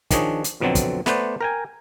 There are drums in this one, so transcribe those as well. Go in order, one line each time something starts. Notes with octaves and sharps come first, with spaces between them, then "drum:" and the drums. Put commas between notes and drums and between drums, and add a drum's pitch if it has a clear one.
D#3 F3 D4 G#4 C#5, drum: kick, hi-hat
drum: hi-hat
F2 B2 D3 F#3 C4
drum: kick, hi-hat
A3 B3 B4 C5 D5, drum: snare
A#4 G5 G#5